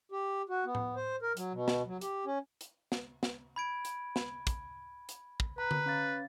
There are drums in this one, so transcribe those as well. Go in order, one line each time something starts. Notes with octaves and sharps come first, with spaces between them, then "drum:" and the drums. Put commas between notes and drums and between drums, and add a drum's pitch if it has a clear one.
G4
F#4
B3
drum: tom A2
C5
A#4
F#3, drum: hi-hat
B2
drum: snare
F#3
G4, drum: hi-hat
C#4
drum: hi-hat
drum: snare
drum: snare
B5 G#6 D7
drum: hi-hat
drum: snare
drum: kick, hi-hat
drum: hi-hat
drum: kick
B4 A#5
drum: tom D3
C#4 F5 A6